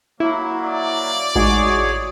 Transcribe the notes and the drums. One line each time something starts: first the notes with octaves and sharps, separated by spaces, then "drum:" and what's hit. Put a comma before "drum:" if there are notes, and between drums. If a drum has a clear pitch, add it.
F#3 A#3 E4
D5
G#3 D#4 F#4 G#4 C#5, drum: kick A1